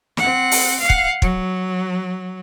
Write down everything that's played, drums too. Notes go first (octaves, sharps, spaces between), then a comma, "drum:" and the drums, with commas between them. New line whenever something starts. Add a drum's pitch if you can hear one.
C4 F#5, drum: snare
drum: open hi-hat
F5 F#5
drum: kick
F#3, drum: kick